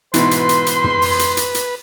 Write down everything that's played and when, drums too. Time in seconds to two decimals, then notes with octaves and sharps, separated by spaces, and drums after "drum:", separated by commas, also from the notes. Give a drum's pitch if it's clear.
0.14 G#2 B2 E3 B4 C5 C6, drum: hi-hat
0.31 drum: hi-hat
0.49 drum: hi-hat
0.66 drum: hi-hat
0.84 drum: tom
1.02 drum: open hi-hat
1.19 drum: hi-hat
1.37 drum: hi-hat
1.55 drum: hi-hat